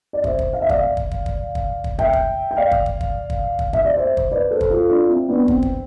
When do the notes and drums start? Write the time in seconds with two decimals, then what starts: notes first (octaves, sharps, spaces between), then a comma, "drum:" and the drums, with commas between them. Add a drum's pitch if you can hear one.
0.13 D5
0.24 C5 E5, drum: kick
0.39 drum: kick
0.53 F5
0.61 E5
0.69 D5 F5, drum: kick
0.97 drum: kick
1.11 drum: kick
1.26 drum: kick
1.55 drum: kick
1.84 drum: kick
1.99 E5 G5, drum: kick
2.13 drum: kick
2.51 G5
2.57 D5 F5
2.71 drum: kick
2.86 drum: kick
3.01 drum: kick
3.30 drum: kick
3.59 drum: kick
3.73 E5, drum: kick
3.85 D5
3.96 C5 E5
4.17 drum: kick
4.31 B4 D5
4.51 A4 C5
4.61 drum: kick
4.70 F4 A4
4.89 D4 F4
5.09 C4 E4
5.28 B3 D4
5.43 B3
5.48 C4, drum: kick
5.63 drum: kick